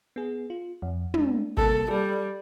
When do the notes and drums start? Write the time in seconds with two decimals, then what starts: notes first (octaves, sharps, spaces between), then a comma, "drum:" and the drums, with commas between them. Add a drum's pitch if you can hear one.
0.16 B3 G#4
0.50 F4
0.82 F2
1.14 G#3 D4, drum: tom
1.57 C3 G3 A#3 A4, drum: kick
1.91 G3 A4